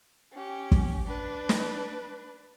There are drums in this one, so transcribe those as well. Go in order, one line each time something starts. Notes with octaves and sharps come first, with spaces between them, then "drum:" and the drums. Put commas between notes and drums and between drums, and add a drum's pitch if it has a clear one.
C#4 G4
drum: kick
D4 B4
drum: snare